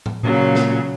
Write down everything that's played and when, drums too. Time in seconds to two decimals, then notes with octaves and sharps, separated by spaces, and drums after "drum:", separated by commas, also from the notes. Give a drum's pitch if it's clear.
0.06 drum: tom A2
0.23 A#2 C#3 F#3
0.55 drum: snare